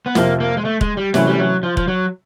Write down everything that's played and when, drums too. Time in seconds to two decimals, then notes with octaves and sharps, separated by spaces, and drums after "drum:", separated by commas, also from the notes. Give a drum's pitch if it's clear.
0.06 B3
0.15 F2 C3 F3 A#3, drum: snare
0.40 A#3
0.57 G#3
0.65 A3
0.81 G#3, drum: kick E1
0.97 G3
1.14 C3 E3 F#3 A3 C#4 E4, drum: snare
1.27 G3
1.39 F#3
1.63 F3
1.77 F3, drum: kick E1
1.88 F#3